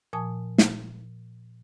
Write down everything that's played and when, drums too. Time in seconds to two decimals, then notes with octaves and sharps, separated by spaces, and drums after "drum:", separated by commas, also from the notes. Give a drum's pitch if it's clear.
0.13 A#2 F3 G#5 A5 D#6
0.58 drum: snare